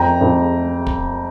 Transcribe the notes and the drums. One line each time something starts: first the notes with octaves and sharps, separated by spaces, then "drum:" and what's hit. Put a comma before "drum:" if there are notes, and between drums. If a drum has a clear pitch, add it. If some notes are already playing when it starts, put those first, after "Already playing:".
Already playing: F2 G5 A#5
F2
drum: kick